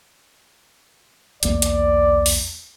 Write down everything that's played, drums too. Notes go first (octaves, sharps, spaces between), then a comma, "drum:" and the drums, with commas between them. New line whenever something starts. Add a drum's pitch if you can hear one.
B1 E2 A#3 D5, drum: hi-hat
drum: hi-hat
drum: open hi-hat